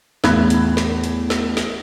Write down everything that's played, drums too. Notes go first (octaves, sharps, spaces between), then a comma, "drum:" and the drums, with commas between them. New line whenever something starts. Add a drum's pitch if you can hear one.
E2 A2 B5 F#6 G#6, drum: snare
drum: hi-hat
drum: snare
drum: hi-hat
drum: snare
drum: snare